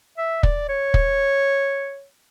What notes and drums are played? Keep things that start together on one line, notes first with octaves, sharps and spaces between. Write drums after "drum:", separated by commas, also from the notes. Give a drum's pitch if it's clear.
E5
D5, drum: kick
C#5
drum: kick